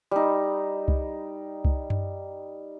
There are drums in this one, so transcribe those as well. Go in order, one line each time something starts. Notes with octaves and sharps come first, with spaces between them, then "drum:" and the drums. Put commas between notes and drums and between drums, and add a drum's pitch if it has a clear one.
G3 D#4
drum: kick C2
drum: kick C2
drum: tom F#2